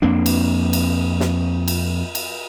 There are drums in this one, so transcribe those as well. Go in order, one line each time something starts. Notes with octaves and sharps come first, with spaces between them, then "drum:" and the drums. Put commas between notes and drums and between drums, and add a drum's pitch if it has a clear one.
F2 A#3 C4 D4
drum: cymbal
drum: cymbal
drum: snare
drum: cymbal
drum: cymbal